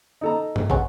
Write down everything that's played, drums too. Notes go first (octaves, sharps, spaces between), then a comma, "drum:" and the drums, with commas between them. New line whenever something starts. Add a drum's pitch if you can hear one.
D#4 A4 A#5
drum: tom G2
B3 C#4, drum: kick